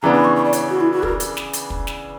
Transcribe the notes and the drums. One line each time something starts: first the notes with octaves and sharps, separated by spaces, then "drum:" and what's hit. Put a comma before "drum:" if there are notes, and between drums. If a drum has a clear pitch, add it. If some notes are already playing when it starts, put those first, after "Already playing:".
C#3 E3 B3 D4 A#5
B5
C#6
C#6
D5
C#5, drum: hi-hat
F#4
E4
F#4
A#4, drum: kick
drum: hi-hat
drum: snare
drum: hi-hat
drum: kick
drum: snare